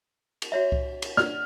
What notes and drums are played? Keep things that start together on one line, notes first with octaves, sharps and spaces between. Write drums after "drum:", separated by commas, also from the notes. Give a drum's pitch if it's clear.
drum: cymbal
F#4 C#5 E5
drum: kick C2
drum: cymbal
D5 F6, drum: snare